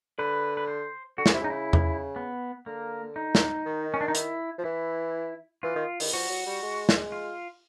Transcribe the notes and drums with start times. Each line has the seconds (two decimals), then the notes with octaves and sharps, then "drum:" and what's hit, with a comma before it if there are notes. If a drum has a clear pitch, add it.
0.19 D3 B4
0.57 B4
0.68 C5
1.18 D3 F#4
1.26 C#3, drum: snare
1.33 C3 E4
1.41 C#3 D#4
1.50 E4
1.73 drum: tom E2
2.16 B3
2.66 D3 A#3
3.16 D#4
3.35 drum: snare
3.66 D#3
3.94 C#4
4.01 D4
4.08 D#4
4.15 E4, drum: hi-hat
4.58 F3
4.64 E3 E4
5.63 E3 F4
5.76 D#3
6.00 D#3, drum: open hi-hat
6.13 F3 F#4
6.30 F#3
6.46 G3
6.63 G#3
6.89 drum: snare
7.12 F4